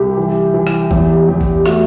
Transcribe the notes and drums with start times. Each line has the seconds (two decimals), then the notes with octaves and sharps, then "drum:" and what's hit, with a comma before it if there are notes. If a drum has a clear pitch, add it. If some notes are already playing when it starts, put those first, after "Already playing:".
Already playing: C2 G4
0.17 E3
0.54 E3
0.67 drum: rim click
0.91 E2, drum: kick A1
1.28 E2
1.41 drum: kick A1
1.65 A3 F#4, drum: rim click